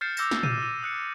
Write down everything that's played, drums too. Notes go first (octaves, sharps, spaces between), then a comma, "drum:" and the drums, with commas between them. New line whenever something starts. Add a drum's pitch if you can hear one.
F6 G6 A6 C7 C#7 E7
D6 E6 G6 A#6 E7, drum: tambourine
drum: snare
F6 G6 D#7, drum: tom
E6 D#7
D#6 F#6 C#7